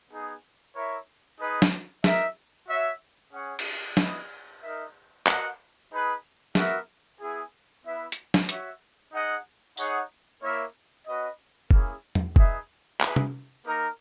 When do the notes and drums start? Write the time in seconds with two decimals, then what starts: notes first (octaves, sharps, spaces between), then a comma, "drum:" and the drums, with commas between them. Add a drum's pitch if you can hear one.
0.11 B3 D#4 G#4
0.75 E4 A#4 C#5 E5
1.39 D#4 G#4 B4 D#5
1.62 drum: snare
2.04 D#4 A#4 E5, drum: snare
2.68 F#4 C#5 E5
3.33 C#4 G#4 C#5 F#5
3.59 drum: cymbal
3.97 B3 E4 B4 D#5, drum: snare
4.61 D#4 A#4 E5
5.27 F#4 A#4 D#5 F#5, drum: clap
5.91 D#4 G#4 B4
6.55 B3 F#4 A#4 E5, drum: snare
7.20 B3 E4 G#4
7.84 B3 E4 B4 E5
8.12 drum: hi-hat
8.34 drum: snare
8.49 F#4 C#5 E5, drum: hi-hat
9.13 D#4 G#4 D#5 F#5
9.77 D#4 G#4 C#5 F#5, drum: tambourine
10.42 A#3 E4 A#4 C#5 E5
11.07 C#4 F#4 B4 D#5
11.71 A#3 C#4 E4 G#4, drum: kick
12.15 drum: tom E2
12.36 D#4 G#4 B4 E5, drum: kick
13.00 E4 G#4 B4, drum: clap
13.16 drum: tom
13.64 A#3 D#4 A#4